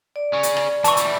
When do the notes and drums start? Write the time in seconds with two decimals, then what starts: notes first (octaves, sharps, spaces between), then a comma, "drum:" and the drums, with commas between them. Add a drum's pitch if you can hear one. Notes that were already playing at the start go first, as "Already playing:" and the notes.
0.16 D5
0.33 C#3 C#4
0.43 drum: hi-hat
0.57 drum: rim click
0.84 E3 A5 C#6, drum: hi-hat
0.97 E3 G3, drum: hi-hat